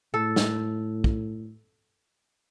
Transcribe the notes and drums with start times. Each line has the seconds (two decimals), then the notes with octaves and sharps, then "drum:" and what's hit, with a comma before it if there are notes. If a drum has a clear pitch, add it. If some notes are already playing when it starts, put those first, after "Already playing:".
0.14 A2 A4
0.36 drum: snare
1.04 drum: kick